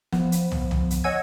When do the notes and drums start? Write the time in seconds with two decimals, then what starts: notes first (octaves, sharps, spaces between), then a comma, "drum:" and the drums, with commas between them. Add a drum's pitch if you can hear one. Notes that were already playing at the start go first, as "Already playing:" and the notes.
0.12 F3 B3, drum: snare
0.32 drum: hi-hat
0.52 drum: tom
0.71 drum: tom
0.91 drum: hi-hat
1.04 C#5 D#5 F#5 G#5 E6 G#6